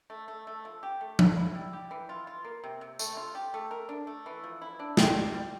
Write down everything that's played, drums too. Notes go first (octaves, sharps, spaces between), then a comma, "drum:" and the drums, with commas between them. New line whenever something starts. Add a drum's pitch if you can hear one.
A3
A3
A3
F3
G4
A3
A3, drum: tom F3
E4
G3
G4
E3
F4
F4
A#3
C3
C3
A3, drum: tambourine
F4
G4
A3
A#4
D4
A3
E3
F3
E4
D4
G4, drum: snare
G3
G3